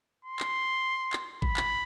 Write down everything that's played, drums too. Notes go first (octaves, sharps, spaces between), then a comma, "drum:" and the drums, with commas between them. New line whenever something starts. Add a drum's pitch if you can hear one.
C6
drum: clap
drum: clap
B5, drum: kick A1
drum: clap